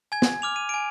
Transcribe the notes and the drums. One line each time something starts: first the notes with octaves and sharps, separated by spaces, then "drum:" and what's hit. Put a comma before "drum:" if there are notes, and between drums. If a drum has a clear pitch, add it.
G#5 G#6
drum: snare
D6 F6 F7
D#7
G#5 D7